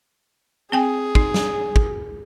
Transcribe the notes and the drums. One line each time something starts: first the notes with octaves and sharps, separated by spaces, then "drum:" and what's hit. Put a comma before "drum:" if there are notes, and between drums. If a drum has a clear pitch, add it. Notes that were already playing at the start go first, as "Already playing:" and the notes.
C4 G#4 G5 G#5
D#4, drum: kick
drum: snare
drum: kick